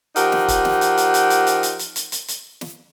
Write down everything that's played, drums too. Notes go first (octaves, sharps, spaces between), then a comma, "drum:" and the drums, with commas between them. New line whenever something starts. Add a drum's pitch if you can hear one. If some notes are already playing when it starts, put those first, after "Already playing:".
F3 D#4 G4 A#4 F#5, drum: hi-hat
drum: snare
drum: kick, hi-hat
drum: snare
drum: hi-hat
drum: hi-hat
drum: hi-hat
drum: hi-hat
drum: hi-hat
drum: hi-hat
drum: hi-hat
drum: hi-hat
drum: hi-hat
drum: hi-hat
drum: snare